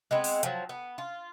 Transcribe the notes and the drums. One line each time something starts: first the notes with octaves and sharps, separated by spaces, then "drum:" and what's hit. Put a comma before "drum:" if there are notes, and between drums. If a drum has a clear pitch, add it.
G#3 B3 C4
drum: open hi-hat
F3 F#3, drum: hi-hat
B3
F4